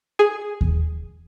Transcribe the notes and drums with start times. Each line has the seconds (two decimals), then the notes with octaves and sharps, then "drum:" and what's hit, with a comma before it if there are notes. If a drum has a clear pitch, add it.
0.19 G#4
0.61 drum: kick D#2